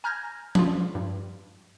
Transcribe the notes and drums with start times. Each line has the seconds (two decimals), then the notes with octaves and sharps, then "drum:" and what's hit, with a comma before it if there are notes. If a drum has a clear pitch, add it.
0.04 G#5 A#5 F6 G6 G#6 A#6
0.55 D4 F4, drum: tom F3
0.95 G2